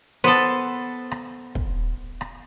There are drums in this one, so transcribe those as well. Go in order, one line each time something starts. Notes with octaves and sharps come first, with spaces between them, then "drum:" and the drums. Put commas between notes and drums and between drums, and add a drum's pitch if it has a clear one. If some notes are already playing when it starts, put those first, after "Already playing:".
B3 A4 C5
drum: rim click
drum: kick
drum: rim click